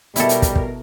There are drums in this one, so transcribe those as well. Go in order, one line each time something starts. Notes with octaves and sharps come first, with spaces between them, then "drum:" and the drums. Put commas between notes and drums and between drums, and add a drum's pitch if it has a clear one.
B2 G3 E4 A4 A#4, drum: hi-hat
drum: hi-hat
drum: kick, hi-hat
drum: kick